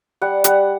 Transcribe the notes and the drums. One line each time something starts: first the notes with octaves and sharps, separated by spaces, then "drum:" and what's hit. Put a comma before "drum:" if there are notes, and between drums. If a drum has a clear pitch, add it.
G3 F#5
G3 F#5, drum: hi-hat